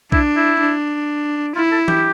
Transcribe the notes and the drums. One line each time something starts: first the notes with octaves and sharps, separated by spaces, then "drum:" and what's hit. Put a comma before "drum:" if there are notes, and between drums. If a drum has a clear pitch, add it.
D4 E4, drum: kick B1
E4
D4
E4 F4
A4
G4, drum: tom E3